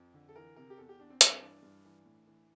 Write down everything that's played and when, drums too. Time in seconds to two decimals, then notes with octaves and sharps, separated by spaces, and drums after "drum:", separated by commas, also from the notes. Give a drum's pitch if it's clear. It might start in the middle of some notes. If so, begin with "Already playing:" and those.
Already playing: F2
0.14 D3
0.29 A4
0.35 E3 A#4
0.56 C3 A#4
0.70 G4
0.78 E2 A4
0.89 G4
0.99 E2 D4
1.10 C4
1.21 G2 D4, drum: hi-hat
1.30 C4
1.40 E3 D4
1.62 G2
1.85 E3
2.05 A2
2.27 E3